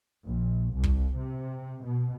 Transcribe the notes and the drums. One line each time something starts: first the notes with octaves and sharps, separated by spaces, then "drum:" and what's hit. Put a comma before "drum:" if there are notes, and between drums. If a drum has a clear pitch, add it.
A#1
C2
drum: kick
C3
B2